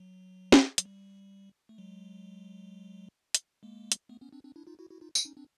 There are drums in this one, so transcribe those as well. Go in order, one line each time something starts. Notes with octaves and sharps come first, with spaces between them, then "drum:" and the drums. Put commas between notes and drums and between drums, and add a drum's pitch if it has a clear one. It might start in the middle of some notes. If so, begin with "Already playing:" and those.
Already playing: F#3
drum: snare
F#3, drum: hi-hat
G3
A3
F#3 G#3
drum: hi-hat
G#3 A#3
drum: hi-hat
A3 B3
B3 C#4
C4 D4
C4 D4
D4 E4
D#4 F4
E4 F#4
E4 F#4
D#4 F4
drum: tambourine
C#4 D#4
C4 D4